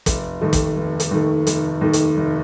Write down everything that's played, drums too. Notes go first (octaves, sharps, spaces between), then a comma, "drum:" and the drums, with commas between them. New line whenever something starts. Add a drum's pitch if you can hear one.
F1, drum: kick, hi-hat
D#2 D#3 A3
drum: kick, hi-hat
F1
drum: hi-hat
D#2 D#3 A3
F1, drum: hi-hat
D#2 D#3 A3
drum: hi-hat
F1